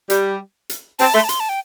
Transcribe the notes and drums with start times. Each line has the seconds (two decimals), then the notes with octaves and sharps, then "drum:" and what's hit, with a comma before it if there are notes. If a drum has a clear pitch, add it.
0.10 G3, drum: hi-hat
0.70 drum: hi-hat
0.99 C4 A5, drum: open hi-hat
1.14 A3 C6
1.24 A5
1.29 C6, drum: hi-hat
1.40 A5
1.49 G5